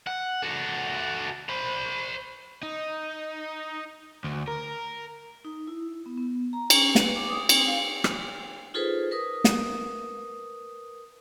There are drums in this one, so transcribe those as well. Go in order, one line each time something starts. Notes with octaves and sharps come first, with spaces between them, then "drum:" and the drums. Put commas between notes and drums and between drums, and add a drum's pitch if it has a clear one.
F#5
F#4 A4
C5 B5
D#4
D2
A#4
D#4
E4
B3
B3
A#5
C#4, drum: cymbal
B4, drum: snare
D6
D#6
C4, drum: cymbal
F5
drum: rim click
D#4 F4 G#4 A4 B4 C5
A#4 B4 D#6
drum: snare